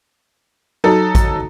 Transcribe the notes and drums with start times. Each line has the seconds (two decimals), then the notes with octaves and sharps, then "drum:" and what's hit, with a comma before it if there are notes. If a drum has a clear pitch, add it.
0.84 F#3 D#4 A4
1.15 drum: kick A1, hi-hat